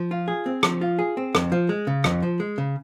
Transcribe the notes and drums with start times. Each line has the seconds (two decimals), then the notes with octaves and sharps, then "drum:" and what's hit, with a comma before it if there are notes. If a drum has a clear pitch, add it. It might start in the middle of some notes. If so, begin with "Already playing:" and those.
Already playing: F3
0.11 F4
0.28 G#4
0.46 C4
0.63 F3, drum: rim click
0.81 F4
0.99 G#4
1.17 C4
1.35 F2, drum: rim click
1.52 F3
1.69 G#3
1.87 C#3
2.04 F2, drum: rim click
2.23 F3
2.40 G#3
2.58 C#3